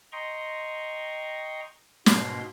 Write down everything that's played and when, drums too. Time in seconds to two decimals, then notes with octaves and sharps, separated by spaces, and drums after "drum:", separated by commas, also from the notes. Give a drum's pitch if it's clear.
0.12 D#5 G5 A#5 C6 C#6
2.06 G#2 B2 A#3 C6, drum: snare